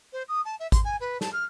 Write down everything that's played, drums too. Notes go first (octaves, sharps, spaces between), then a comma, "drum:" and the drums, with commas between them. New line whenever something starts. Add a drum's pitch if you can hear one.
C5
D#6
A5
E5
C6, drum: kick G#1, hi-hat
G#5
B4
A5, drum: snare
F6